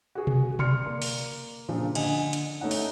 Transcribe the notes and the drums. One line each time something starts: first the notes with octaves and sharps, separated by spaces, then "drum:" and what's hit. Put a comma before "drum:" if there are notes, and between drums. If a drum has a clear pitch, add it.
F#4 G#4
drum: tom B2
D5 C6 F6 C#7, drum: tom B2
A#3
drum: open hi-hat
A#2 C#3 F3 D4
D3 D#5 G#5, drum: cymbal
drum: hi-hat
A3 C#4 D#4 F#5
drum: open hi-hat